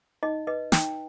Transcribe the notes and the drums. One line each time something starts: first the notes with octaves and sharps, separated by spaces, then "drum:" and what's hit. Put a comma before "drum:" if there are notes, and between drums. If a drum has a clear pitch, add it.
D#4 D#5
B4 D#5
D#4 G5, drum: snare